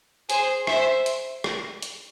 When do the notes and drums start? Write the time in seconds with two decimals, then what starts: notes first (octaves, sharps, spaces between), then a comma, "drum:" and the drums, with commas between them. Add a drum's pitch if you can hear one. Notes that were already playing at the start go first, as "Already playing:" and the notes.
0.30 G#4 C5, drum: hi-hat
0.67 C5 E5, drum: rim click
1.06 drum: hi-hat
1.44 drum: rim click
1.82 drum: hi-hat